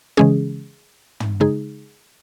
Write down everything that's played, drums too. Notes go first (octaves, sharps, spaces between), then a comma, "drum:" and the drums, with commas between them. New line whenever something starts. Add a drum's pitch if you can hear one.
C#3 E3 G#3 C#4 G#4
drum: tom
C#3 G#3 D#4 G#4